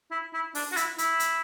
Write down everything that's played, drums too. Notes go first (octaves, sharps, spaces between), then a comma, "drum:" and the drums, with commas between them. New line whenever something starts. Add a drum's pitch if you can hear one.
E4
E4
D4, drum: open hi-hat
F#4
E4, drum: hi-hat
E4, drum: hi-hat
drum: hi-hat